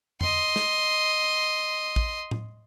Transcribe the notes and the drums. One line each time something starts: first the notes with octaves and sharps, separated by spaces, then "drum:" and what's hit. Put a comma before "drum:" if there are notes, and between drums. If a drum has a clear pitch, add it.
D#5 C6, drum: tom F2
drum: snare
drum: kick
drum: tom A2